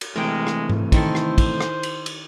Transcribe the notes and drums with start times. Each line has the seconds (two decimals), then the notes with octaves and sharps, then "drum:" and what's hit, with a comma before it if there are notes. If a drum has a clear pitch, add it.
0.01 drum: cymbal
0.16 C3 E3 G#3 A3 A#4 G5
0.47 drum: rim click
0.69 drum: tom G#2
0.92 D#3 E4 A4 C5, drum: kick, cymbal
1.15 drum: rim click
1.38 drum: kick, cymbal
1.61 drum: rim click
1.83 drum: cymbal
2.06 drum: cymbal